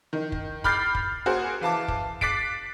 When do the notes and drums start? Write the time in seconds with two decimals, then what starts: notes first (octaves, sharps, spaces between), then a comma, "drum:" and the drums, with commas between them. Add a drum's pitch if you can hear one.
0.13 D#3
0.32 drum: kick
0.64 B5 D6 F6 G6 A6 C7, drum: kick
0.95 drum: kick
1.26 A#3 F#4 G#4 A#4 C5
1.61 E3 F5 A5 D6
1.88 drum: kick
2.21 D6 F#6 A6 B6 C7 D7, drum: kick